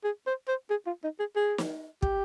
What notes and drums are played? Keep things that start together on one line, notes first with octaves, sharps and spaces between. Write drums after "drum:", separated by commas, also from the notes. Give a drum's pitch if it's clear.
G#4
C5
C5
G#4
F4
D#4
G#4
G#4
drum: snare
G4, drum: kick